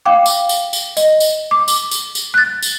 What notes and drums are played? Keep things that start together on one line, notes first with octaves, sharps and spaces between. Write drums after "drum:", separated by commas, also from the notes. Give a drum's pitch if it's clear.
F5 G5 D6
drum: tambourine
drum: tambourine
drum: tambourine
D#5, drum: tambourine
drum: tambourine
D6
drum: tambourine
drum: tambourine
drum: tambourine
F#6 A6
drum: tambourine